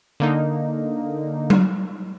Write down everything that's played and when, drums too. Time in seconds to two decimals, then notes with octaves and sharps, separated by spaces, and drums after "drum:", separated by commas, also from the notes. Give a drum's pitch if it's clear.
0.20 D3 A#3 D#4
1.50 drum: tom F#3